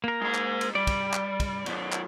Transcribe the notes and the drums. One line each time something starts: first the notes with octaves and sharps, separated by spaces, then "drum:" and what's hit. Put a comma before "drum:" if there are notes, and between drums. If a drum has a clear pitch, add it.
A#3 A#4
G#3 A#5
drum: clap
drum: cymbal
G3 D5
drum: kick, cymbal
drum: clap
drum: kick, cymbal
F#2 B2, drum: cymbal
drum: clap